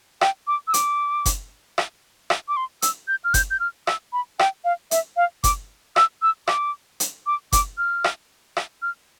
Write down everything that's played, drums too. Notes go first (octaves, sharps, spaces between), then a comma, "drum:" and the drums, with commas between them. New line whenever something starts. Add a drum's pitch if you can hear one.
G5, drum: rim click
D6
E6
D6, drum: hi-hat
drum: kick F#1, hi-hat
drum: rim click
drum: rim click
D6
C6
E6, drum: hi-hat
G6
F6
G6, drum: kick F#1, hi-hat
G6
F6
E6, drum: rim click
B5
G5, drum: rim click
F5
E5, drum: hi-hat
F5
D6, drum: kick F#1, hi-hat
E6, drum: rim click
E6
D6, drum: rim click
drum: hi-hat
D6
D6, drum: kick F#1, hi-hat
F6
drum: rim click
drum: rim click
F6